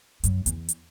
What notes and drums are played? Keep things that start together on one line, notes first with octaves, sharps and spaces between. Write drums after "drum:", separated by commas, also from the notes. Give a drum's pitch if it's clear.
F#2, drum: hi-hat
E2, drum: hi-hat
drum: hi-hat